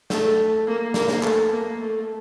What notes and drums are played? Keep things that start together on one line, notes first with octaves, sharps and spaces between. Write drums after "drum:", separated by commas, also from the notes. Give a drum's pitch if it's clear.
A3, drum: snare
A#3
A#3, drum: snare
drum: snare
A3, drum: clap
A#3
A3